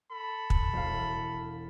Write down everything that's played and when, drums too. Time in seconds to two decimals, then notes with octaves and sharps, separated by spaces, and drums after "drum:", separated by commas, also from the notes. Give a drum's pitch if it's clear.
0.12 A4 B5
0.50 drum: kick
0.73 E1 F5